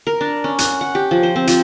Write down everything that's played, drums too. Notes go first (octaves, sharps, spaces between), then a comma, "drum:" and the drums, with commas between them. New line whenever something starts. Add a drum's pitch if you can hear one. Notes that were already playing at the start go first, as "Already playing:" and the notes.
A#4
D4
C#4
F#5, drum: hi-hat
F#5
G4
F3
C5
C4
F3, drum: hi-hat